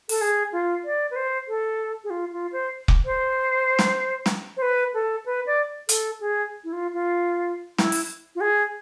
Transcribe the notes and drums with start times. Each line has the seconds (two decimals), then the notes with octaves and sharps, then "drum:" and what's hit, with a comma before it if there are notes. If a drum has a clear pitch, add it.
0.09 A4, drum: open hi-hat
0.21 G#4
0.52 F4
0.85 D5
1.11 B4
1.16 C5
1.48 A4
2.04 G#4
2.10 F4
2.32 F4
2.52 C5
2.88 drum: kick
3.05 C5
3.79 drum: snare
4.26 drum: snare
4.57 C5
4.62 B4
4.94 A4
5.26 B4
5.46 D5
5.89 A4, drum: hi-hat
6.21 G#4
6.64 E4
6.73 F4
6.94 F4
7.78 E4, drum: snare
7.92 drum: open hi-hat
8.35 F4
8.41 G#4